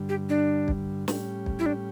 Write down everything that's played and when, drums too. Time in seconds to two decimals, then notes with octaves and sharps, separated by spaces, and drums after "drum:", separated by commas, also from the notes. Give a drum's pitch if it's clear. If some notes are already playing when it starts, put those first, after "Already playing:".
Already playing: G2 D3 G3
0.09 G4
0.29 D4
0.68 drum: kick
1.08 A2 G3 C#4 G4, drum: snare
1.46 drum: kick
1.59 E4
1.66 D4